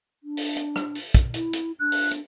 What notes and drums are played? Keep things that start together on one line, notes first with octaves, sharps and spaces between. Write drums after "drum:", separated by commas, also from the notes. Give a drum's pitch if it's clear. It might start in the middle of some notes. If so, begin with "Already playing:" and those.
D4
drum: open hi-hat
drum: hi-hat
drum: rim click
drum: open hi-hat
drum: kick, hi-hat
E4, drum: hi-hat
drum: hi-hat
D4 F#6
drum: open hi-hat
drum: hi-hat